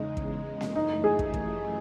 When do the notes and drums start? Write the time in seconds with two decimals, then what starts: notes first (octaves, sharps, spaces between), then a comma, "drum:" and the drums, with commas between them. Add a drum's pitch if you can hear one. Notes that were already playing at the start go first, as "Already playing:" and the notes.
Already playing: E2 C#3 G#3 D#4
0.17 drum: kick
0.61 drum: snare A#3
0.75 F#2 E3 A3 D#4
1.04 G#4
1.19 drum: kick
1.34 drum: kick